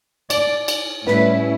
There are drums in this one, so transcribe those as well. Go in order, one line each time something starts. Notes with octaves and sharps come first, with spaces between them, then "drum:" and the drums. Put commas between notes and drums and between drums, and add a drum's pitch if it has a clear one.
D5, drum: cymbal
drum: cymbal
A2 G3 C#4 E4 B4, drum: snare